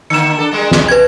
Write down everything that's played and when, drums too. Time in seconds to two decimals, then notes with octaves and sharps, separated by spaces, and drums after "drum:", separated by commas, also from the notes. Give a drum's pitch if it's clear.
0.10 D3 A#3 C#7 E7
0.39 D4 A4
0.51 G3 G#3 A#3
0.71 drum: snare
0.88 B4 G#6